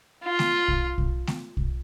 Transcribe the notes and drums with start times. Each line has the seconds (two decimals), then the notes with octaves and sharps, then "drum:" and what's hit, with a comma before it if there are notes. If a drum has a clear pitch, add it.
0.24 F4
0.39 drum: snare A3
0.68 drum: kick
0.98 drum: kick
1.27 drum: snare A3
1.57 drum: kick